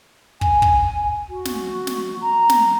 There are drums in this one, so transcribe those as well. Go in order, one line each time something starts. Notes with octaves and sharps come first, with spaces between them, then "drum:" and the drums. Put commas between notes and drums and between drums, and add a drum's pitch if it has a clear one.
G#5, drum: kick
drum: kick
F#4
drum: snare
drum: snare
A#5
drum: snare